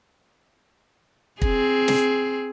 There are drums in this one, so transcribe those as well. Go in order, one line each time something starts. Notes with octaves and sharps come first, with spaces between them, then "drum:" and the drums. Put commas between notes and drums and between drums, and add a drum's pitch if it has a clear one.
C4 G#4, drum: kick
drum: snare